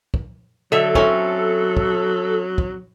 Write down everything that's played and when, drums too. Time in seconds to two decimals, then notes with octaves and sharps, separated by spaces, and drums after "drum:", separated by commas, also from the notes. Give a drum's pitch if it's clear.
0.14 drum: kick
0.72 D3 F#3 A4 E5
0.95 C4 C#4 E4, drum: kick
1.77 drum: kick
2.58 drum: kick